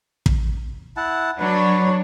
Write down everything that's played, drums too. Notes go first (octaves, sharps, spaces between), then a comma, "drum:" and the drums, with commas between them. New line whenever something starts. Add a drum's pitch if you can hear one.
drum: kick
E4 F#5 A5
F#3 D4 B4 C#5